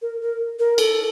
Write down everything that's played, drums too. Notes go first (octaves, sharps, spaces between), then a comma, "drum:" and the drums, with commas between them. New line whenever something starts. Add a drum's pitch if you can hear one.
A#4
A#4
A#4
A4, drum: cymbal